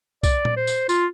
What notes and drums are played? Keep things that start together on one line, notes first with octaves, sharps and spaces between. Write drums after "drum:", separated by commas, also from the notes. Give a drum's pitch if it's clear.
D5, drum: kick, tambourine
drum: tom A#2
C5
drum: tambourine
F4, drum: tambourine